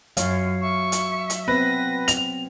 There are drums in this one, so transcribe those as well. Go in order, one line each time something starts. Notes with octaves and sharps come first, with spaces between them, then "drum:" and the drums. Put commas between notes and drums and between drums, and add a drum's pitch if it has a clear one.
F#2 F#3 C#5 F5, drum: hi-hat
E5 C#6
drum: hi-hat
drum: hi-hat
B3 C4 B4 A#6
F7, drum: hi-hat